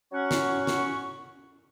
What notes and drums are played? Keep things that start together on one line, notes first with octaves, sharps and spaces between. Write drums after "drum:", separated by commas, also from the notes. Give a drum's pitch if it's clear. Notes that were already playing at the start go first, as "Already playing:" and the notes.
F#3 C#4 F#5 C#6
drum: snare
drum: snare